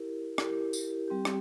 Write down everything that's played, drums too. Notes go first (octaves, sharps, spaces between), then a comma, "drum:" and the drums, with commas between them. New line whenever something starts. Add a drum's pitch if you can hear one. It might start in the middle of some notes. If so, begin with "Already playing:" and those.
Already playing: E4 G4 A#4
E4 G4 A#4, drum: rim click
drum: tambourine
G3 C4 G4
drum: rim click